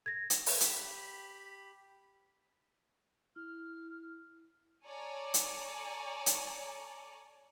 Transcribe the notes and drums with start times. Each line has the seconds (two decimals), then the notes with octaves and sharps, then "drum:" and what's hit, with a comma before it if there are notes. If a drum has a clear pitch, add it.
0.06 G#6 A#6
0.30 drum: hi-hat
0.46 drum: open hi-hat
0.61 G4 B5, drum: hi-hat
3.36 E4 F6
4.86 A4 C#5 D5 G#5 A#5 C#6
5.34 drum: hi-hat
6.26 drum: hi-hat